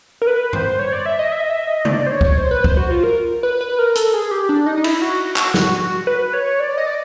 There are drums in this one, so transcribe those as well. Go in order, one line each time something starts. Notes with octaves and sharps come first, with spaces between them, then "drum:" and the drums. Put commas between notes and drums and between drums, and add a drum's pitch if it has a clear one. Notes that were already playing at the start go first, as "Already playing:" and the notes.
A#4
B4
C5, drum: tom F#2
C#5
D5
E5
D#5
E5
D#5
E5
D#5
D5, drum: tom
C5
C#5
drum: kick
C5
B4
C5, drum: kick
F#4
F4
A#4
B4
B4
A#4
A4, drum: hi-hat
G#4
G4
D4
D#4
D#4
E4, drum: cymbal
F#4
drum: clap
drum: snare
B4
C#5
D5
D#5
D5